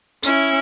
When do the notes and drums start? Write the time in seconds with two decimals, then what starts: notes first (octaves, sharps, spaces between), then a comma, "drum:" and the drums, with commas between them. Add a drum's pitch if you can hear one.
0.23 C#4 E4, drum: tambourine